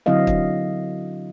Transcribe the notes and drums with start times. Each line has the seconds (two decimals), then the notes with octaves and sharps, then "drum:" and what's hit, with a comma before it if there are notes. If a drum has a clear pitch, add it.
0.06 D3 F#3 C4 E4 D#5 F5
0.27 drum: kick